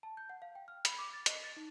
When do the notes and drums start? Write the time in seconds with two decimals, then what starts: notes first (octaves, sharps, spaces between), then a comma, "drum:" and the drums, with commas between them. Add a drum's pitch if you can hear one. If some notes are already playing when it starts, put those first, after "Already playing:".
0.03 A5
0.17 G6
0.30 F#5
0.42 F5
0.55 G5
0.68 F6
0.85 B5, drum: hi-hat
0.98 D6
1.13 A6
1.26 D#5, drum: hi-hat
1.44 A6
1.57 D#4